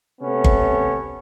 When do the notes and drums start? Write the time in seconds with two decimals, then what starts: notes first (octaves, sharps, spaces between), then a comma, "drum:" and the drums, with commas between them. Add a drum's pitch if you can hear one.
0.21 C3 A3 B3 C#4
0.44 drum: kick G1